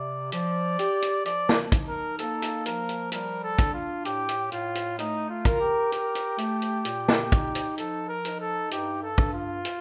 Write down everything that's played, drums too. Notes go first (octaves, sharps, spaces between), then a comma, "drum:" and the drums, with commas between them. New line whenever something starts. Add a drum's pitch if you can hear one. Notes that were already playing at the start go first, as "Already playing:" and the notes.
Already playing: C3 D5
F3 D5, drum: hi-hat
G4, drum: hi-hat
drum: hi-hat
F3 D5, drum: hi-hat
drum: snare
D#4, drum: kick, hi-hat
A#4
A#3 A4, drum: hi-hat
drum: hi-hat
F3 A#4, drum: hi-hat
drum: hi-hat
G3 A#4, drum: hi-hat
A4
D4, drum: kick, hi-hat
F4
A2 G4, drum: hi-hat
drum: hi-hat
A2 F4, drum: hi-hat
drum: hi-hat
A3 D#4, drum: hi-hat
F4
A#4, drum: kick, hi-hat
G4
A#4, drum: hi-hat
drum: hi-hat
A3, drum: hi-hat
drum: hi-hat
A#2, drum: hi-hat
drum: snare
D#4, drum: kick, hi-hat
drum: hi-hat
F3 A4, drum: hi-hat
A#4
D#4, drum: hi-hat
A4
G2 G4, drum: hi-hat
A4
G2, drum: kick
F4
drum: hi-hat